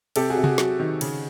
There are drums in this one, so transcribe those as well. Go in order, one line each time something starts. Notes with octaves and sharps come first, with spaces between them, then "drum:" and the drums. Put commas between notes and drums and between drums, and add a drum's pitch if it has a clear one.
C3 G4 A4, drum: cymbal
F#4 G#4
C3
F#4 G#4, drum: tom C3
F#3, drum: snare
D#3
C#3, drum: cymbal